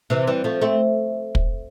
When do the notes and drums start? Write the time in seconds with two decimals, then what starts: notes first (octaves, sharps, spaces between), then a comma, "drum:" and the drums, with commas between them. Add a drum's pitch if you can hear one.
0.10 C3 E3
0.27 E3 G3
0.44 F3 A3
0.62 A3 C4
1.35 drum: kick